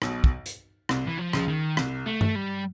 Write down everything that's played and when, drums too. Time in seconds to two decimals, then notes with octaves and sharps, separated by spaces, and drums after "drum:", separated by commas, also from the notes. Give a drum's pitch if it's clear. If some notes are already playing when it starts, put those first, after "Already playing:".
0.02 B1 B2, drum: rim click
0.24 drum: kick
0.46 drum: hi-hat
0.89 C2 C3, drum: rim click
1.07 E3
1.19 F3
1.33 C#2 C#3, drum: rim click
1.48 D#3
1.77 C2 C3, drum: rim click
2.06 A3
2.21 drum: tom G2
2.36 G3